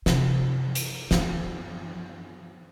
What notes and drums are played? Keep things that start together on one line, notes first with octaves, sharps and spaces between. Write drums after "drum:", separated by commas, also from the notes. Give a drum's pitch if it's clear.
C3, drum: snare
drum: hi-hat
B3, drum: snare